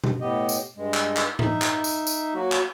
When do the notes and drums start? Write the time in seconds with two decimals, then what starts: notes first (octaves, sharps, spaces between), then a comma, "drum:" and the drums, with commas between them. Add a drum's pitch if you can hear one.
0.04 drum: tom B2
0.21 A2 B3 G4 D#5
0.49 drum: tambourine
0.76 G2 G#3
0.94 drum: clap
1.16 drum: clap
1.39 D#4 E5, drum: tom A2
1.62 drum: clap
1.84 drum: tambourine
2.07 drum: tambourine
2.35 F#3 A#3 F#4
2.52 drum: clap